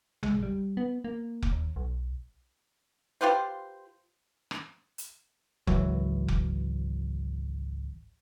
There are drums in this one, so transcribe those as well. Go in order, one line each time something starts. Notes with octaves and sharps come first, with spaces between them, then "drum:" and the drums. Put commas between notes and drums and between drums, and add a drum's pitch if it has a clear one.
G#3, drum: tom A1
G3
B3
A#3
drum: kick F1
D#2
B1
F4 G4 B4 C5
drum: rim click
drum: hi-hat
G#1 C#2 E3 F#3, drum: kick F1
drum: kick F1